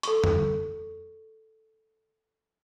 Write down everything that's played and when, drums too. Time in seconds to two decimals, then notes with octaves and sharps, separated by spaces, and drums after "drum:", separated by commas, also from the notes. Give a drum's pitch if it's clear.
0.03 A4 C#6, drum: hi-hat
0.24 drum: tom F2